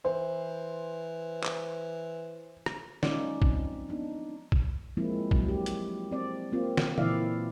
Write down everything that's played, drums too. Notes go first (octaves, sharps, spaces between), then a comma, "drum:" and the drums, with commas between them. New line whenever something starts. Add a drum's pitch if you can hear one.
E3 C5
drum: clap
drum: rim click
F#3 G#3 C#4 D#4 F4 D5, drum: snare
F3 C4, drum: kick A1
B3 D4 D#4
drum: kick A1
F3 G#3 A#3 C4 E4
F#3, drum: kick A1
G4
drum: hi-hat
C4 D5
A#3 C4 F4
drum: snare
A#2 E3 E4 D5 E5 F5, drum: tom